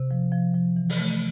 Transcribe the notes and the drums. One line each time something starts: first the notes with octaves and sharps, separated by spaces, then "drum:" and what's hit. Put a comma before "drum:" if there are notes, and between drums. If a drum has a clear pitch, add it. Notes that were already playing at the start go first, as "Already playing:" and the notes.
Already playing: C3
F3
F3
F3
E3
drum: open hi-hat
A3